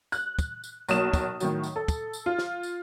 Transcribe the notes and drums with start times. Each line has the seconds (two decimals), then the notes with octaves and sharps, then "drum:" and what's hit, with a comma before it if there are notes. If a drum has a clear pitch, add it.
0.12 F#6, drum: tambourine
0.39 drum: kick, tambourine
0.64 drum: tambourine
0.89 B1 F#3 A#3 D#6 E7, drum: tambourine
1.14 drum: kick, tambourine
1.40 A2 D#3 F#3, drum: tambourine
1.63 drum: tambourine
1.76 A4
1.88 drum: kick, tambourine
2.13 drum: tambourine
2.26 F4
2.38 drum: snare
2.63 drum: tambourine